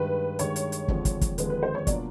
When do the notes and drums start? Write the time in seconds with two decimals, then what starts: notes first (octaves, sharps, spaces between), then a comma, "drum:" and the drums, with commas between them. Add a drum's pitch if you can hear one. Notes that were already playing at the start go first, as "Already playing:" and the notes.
Already playing: G2 D#3 G#3 B4
0.39 G2 D#3 G#3 C#5, drum: hi-hat
0.56 drum: hi-hat
0.72 drum: hi-hat
0.88 D#2 D3 F3 G#3 C4, drum: kick
1.05 drum: kick, hi-hat
1.21 drum: kick, hi-hat
1.38 D#2 D3 F3 G#3 C4 B4, drum: hi-hat
1.50 B4
1.63 C5
1.75 C#5
1.87 B2 F#3 A#3 D4 F4 D5, drum: kick, hi-hat